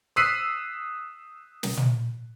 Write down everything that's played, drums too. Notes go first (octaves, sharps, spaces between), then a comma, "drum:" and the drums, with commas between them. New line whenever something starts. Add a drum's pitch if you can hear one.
D#6 E6 F#6 B6 C7 D#7
drum: snare
drum: tom